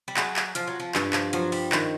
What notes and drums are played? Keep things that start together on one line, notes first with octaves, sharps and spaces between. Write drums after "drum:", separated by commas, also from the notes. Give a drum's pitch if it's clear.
G3
F#3 G#4, drum: clap
drum: clap
F3 F4, drum: hi-hat
F#3
F3
G2 E3, drum: clap
F3, drum: clap
F3 F#3, drum: hi-hat
G3, drum: open hi-hat
D#3, drum: clap